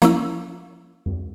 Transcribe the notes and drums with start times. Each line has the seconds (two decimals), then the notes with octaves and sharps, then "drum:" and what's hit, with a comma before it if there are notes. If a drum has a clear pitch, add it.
0.02 F3 A#3 C#4 E4, drum: hi-hat
1.06 drum: tom F2